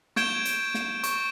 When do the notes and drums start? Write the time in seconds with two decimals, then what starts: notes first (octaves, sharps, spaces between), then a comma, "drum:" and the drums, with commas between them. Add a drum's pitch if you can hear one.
0.16 C#6 G6 G#6 D7 E7 G7, drum: snare
0.45 drum: hi-hat
0.74 drum: snare
1.04 C#6, drum: hi-hat